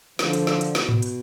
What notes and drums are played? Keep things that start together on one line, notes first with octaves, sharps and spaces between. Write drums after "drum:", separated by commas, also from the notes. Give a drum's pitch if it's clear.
D3 F3, drum: snare
drum: hi-hat
drum: snare
drum: hi-hat
B2, drum: snare
drum: tom G#2
drum: hi-hat